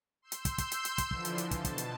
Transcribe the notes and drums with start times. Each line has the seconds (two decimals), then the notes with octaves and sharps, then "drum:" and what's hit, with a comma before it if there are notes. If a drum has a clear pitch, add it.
0.22 C6 E6 G6
0.32 drum: hi-hat
0.45 drum: kick, hi-hat
0.58 drum: kick, hi-hat
0.72 drum: hi-hat
0.85 drum: hi-hat
0.98 drum: kick, hi-hat
1.11 D3 E3 F3, drum: kick
1.25 drum: hi-hat
1.38 drum: hi-hat
1.51 B2 A5, drum: kick, hi-hat
1.65 drum: kick, hi-hat
1.78 drum: hi-hat